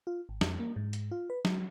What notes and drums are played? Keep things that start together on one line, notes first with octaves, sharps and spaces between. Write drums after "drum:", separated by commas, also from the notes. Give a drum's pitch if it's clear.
F4
G#1
F2, drum: snare
A#3
G#2
drum: hi-hat
F4
B4
F#3, drum: snare